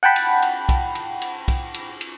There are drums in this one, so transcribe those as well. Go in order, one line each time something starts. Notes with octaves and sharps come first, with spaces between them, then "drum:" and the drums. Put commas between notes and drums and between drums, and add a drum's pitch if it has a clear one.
F#5 G5 A5 B5
drum: cymbal
drum: cymbal
drum: kick B1, cymbal
drum: cymbal
drum: cymbal
drum: kick B1, cymbal
drum: cymbal
drum: cymbal